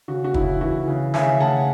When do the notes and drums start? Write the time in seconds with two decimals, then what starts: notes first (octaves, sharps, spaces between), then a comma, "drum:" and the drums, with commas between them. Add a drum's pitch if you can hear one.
0.08 C#3 F#4
0.24 F#4
0.34 C#3 E4, drum: kick
0.61 E3 F#4
0.88 C#3
1.14 C#3 E5 G#5, drum: snare
1.40 C#3 F#5 A5